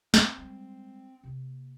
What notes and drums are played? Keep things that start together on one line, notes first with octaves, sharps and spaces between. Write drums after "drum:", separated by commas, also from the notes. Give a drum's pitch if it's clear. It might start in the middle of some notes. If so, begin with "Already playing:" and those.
C4, drum: snare
G3 G#3
C3 A#3